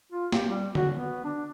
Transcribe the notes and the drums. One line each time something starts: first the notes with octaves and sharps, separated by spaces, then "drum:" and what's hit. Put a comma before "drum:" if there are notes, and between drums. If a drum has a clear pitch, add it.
F4
G4, drum: snare
G3
F#4, drum: tom D3
B3
D4